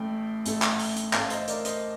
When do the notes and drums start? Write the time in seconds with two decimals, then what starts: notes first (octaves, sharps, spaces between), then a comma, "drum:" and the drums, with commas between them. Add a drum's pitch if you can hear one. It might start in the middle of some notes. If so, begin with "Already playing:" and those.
Already playing: A1 A2 A3 G5
0.46 A1 A2 A3, drum: hi-hat
0.62 drum: clap
0.79 drum: open hi-hat
0.96 drum: hi-hat
1.13 A1 A2 A3 F5 A5, drum: clap
1.30 C5 D#5, drum: hi-hat
1.48 A#4 D5, drum: hi-hat
1.65 C5 D#5, drum: hi-hat